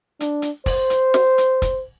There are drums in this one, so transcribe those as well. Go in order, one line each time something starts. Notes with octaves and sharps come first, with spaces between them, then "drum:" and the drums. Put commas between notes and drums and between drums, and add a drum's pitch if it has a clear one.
D4, drum: hi-hat
drum: hi-hat
C5, drum: kick, open hi-hat
drum: hi-hat
drum: snare
drum: hi-hat
drum: kick, hi-hat